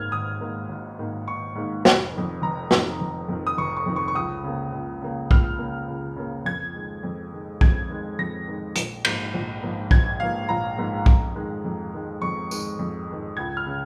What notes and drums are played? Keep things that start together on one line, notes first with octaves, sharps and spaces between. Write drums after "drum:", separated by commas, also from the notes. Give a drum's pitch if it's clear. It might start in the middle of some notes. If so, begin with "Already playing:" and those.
Already playing: G#1 G#2 D#3 A#3 F6 G#6
G#1 D#6
G#2 D#3 A#3
G#1
G#2 D#3 A#3
G#1 C#6
G#2 D#3 A#3
F1, drum: snare
F2 D#3
F1 A#5
F2 D#3, drum: snare
F1
F2 D#3
D#6
F1 C#6
C#6
F2 D#3
C#6
C#6
C#2 D#6
C#3 A#3
C#2
C#3 A#3
C#2 F6, drum: kick B1
C#3 A#3
C#2
C#3 A#3
F2 G#6
D#3 G#3
F2
D#3 G#3
F2 G#6, drum: kick B1
D#3 G#3
F2 A#6
D#3 G#3
A#1, drum: hi-hat
G#2 F3 A#3, drum: cymbal
A#1
G#2 F3 A#3
A#1 G#6, drum: kick B1
G#2 F3 A#3 F5
A#1 A#5
G#2 F3 A#3
F2, drum: kick B1
D#3 G#3
F2
D#3 G#3
F2 C#6
D#3 G#3, drum: tambourine
F2
D#3 G#3
C#2 G#6
F6
C#3